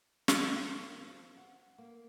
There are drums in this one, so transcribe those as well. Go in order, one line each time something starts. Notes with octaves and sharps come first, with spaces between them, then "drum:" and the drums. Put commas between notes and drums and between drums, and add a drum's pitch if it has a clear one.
drum: snare
C4
D#3
F3
F#5
A#3